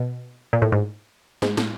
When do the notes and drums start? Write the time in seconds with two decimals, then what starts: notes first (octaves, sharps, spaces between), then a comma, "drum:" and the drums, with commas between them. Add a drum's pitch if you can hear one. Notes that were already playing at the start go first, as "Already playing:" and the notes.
Already playing: B2
0.53 A#2
0.62 A2
0.72 G#2
1.42 G#2, drum: snare
1.57 A2, drum: snare